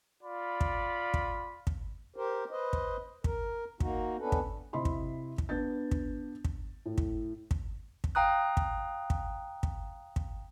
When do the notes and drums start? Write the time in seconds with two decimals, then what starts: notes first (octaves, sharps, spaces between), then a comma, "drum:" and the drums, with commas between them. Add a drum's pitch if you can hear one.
0.23 F4 D5 B5
0.61 drum: kick
1.14 drum: kick
1.67 drum: kick
2.16 G4 A#4 C5
2.51 B4 C5 D#5
2.73 drum: kick
3.24 A#4, drum: kick
3.80 A#3 D#4 F#4, drum: kick
4.19 B3 C#4 D4 A4 B4
4.32 drum: kick
4.73 C3 E4 D#5 B5 C6
4.85 drum: kick
5.38 drum: kick
5.49 B3 D4 G6 A6
5.91 drum: kick
6.45 drum: kick
6.86 A2
6.98 drum: kick
7.51 drum: kick
8.04 drum: kick
8.15 F5 G5 A#5 D#6 F#6
8.57 drum: kick
9.10 drum: kick
9.63 drum: kick
10.16 drum: kick